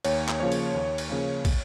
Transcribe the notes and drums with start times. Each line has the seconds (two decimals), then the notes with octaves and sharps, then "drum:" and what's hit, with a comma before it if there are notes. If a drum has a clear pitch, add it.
0.05 D#2 C#5, drum: cymbal
0.28 drum: clap
0.40 C#3 F3 A#3 C#5
0.52 drum: cymbal
0.74 D#2
0.98 drum: cymbal
1.09 C#3 F3 A#3
1.45 drum: kick, cymbal